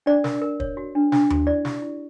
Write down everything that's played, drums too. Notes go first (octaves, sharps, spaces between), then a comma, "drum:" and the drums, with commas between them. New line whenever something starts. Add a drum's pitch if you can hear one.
D4 D5
A#4, drum: snare
A#4
C#5, drum: kick
F#4
D4
D4, drum: snare
F#4, drum: tom D#2
E4 D5
G4, drum: snare
E4